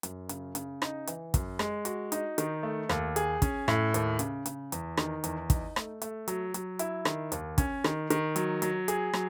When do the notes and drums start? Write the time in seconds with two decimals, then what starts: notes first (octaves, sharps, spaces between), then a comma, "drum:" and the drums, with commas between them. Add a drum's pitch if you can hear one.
0.03 F#2, drum: hi-hat
0.29 C#3, drum: hi-hat
0.55 C#3, drum: hi-hat
0.82 D#4, drum: rim click
1.07 E3, drum: hi-hat
1.34 F#2, drum: kick, hi-hat
1.59 G#3, drum: rim click
1.85 F#4, drum: hi-hat
2.12 D#4, drum: hi-hat
2.38 D#3, drum: hi-hat
2.63 A3
2.89 D#2, drum: rim click
3.16 G#4, drum: hi-hat
3.42 C#4, drum: kick, hi-hat
3.68 A2, drum: rim click
3.94 D#2, drum: hi-hat
4.19 C#3, drum: hi-hat
4.46 C#3, drum: hi-hat
4.72 E2, drum: hi-hat
4.97 D#3, drum: rim click
5.24 E2, drum: hi-hat
5.50 D#4, drum: kick, hi-hat
5.76 A3, drum: rim click
6.02 A3, drum: hi-hat
6.28 F#3, drum: hi-hat
6.54 F#3, drum: hi-hat
6.79 E4, drum: hi-hat
7.05 D#3, drum: rim click
7.32 D#2, drum: hi-hat
7.58 C#4, drum: kick, hi-hat
7.84 D#3, drum: rim click
8.10 D#3, drum: hi-hat
8.36 F#3, drum: hi-hat
8.62 F#3, drum: hi-hat
8.88 G#4, drum: hi-hat
9.13 F#3, drum: rim click